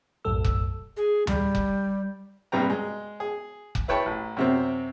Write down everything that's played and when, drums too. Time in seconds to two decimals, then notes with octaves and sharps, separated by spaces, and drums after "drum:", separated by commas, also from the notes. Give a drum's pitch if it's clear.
0.25 B1 F#2 A2 A4 E6
0.44 drum: kick F1
0.97 G#4
1.27 G3, drum: tom D2
1.55 drum: kick F1
2.52 A#1 G2 C3 B4 G5 A#5
2.70 G#3
3.20 G#4
3.75 drum: kick F1
3.88 E4 B4 C#5 G5 A5 C#6
4.05 A1
4.37 F#2 C3 C4